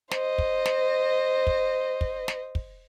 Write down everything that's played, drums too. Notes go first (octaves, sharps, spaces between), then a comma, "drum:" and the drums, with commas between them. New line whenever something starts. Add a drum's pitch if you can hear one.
C5 D#5, drum: snare
drum: kick
drum: snare
drum: kick
drum: kick
drum: snare
drum: kick